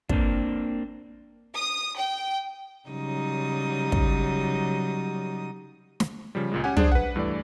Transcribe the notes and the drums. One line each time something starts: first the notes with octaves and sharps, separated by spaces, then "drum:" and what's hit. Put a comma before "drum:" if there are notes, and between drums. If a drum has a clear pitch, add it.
A#3 C4 D4, drum: kick
D#6
G5
C#3 F#3 G3 D#4 D#6
drum: kick
drum: snare
C#3 F3 G3
C#2 A#2 G#3
C#4 G4 F#5 G#5
D4 G#4 C5 D5, drum: tom
B4 F#5
G2 E3 A3 D5